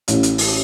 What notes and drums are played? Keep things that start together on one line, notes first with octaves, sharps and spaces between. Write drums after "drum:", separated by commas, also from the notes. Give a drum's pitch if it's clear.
A1 A2, drum: hi-hat
drum: hi-hat
drum: open hi-hat